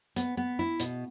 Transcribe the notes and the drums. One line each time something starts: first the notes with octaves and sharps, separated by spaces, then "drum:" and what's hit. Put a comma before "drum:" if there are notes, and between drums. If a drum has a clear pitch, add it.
B3, drum: hi-hat
B3
E4
B2, drum: hi-hat